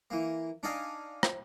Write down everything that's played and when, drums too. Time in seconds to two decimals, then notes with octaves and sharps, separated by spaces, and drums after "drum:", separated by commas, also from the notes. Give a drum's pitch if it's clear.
0.10 E3 A#3
0.63 D4 D#4 D5 D#5 F5 G#5
1.23 drum: rim click